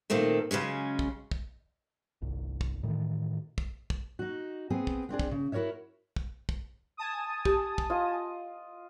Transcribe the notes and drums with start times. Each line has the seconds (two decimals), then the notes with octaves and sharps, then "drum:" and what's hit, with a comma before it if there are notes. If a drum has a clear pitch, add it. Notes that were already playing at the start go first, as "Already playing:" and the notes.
0.10 A#2 D#3 A3 A#3 C4
0.51 C#3 F#3 G#3 C#4
0.99 drum: kick
1.31 drum: kick
2.22 G1 C2
2.61 drum: kick
2.83 A2 D#3 E3
3.58 drum: kick
3.90 drum: kick
4.19 D#4 F#4
4.70 B3 C4 G#4
4.87 drum: kick
5.09 B3 C4 D4 G#4
5.19 drum: kick
5.31 C#3
5.52 E4 F#4 A#4 C#5 E5
6.16 drum: kick
6.49 drum: kick
6.97 G#5 A5 D#6
7.45 G4, drum: kick
7.78 drum: kick
7.90 F4 D#5